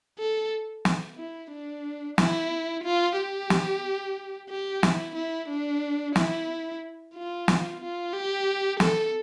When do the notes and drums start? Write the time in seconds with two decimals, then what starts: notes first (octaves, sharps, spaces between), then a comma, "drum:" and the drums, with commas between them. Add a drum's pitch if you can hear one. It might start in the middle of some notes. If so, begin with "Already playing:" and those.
0.19 A4
0.85 drum: snare
1.18 E4
1.52 D4
2.18 E4, drum: snare
2.84 F4
3.18 G4
3.50 drum: snare
4.50 G4
4.83 E4, drum: snare
5.16 E4
5.49 D4
6.16 E4, drum: snare
7.14 F4
7.48 drum: snare
7.81 F4
8.14 G4
8.80 A4, drum: snare